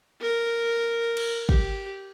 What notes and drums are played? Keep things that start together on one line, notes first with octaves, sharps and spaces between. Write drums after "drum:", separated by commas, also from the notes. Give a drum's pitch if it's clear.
A#4
drum: cymbal
G4, drum: kick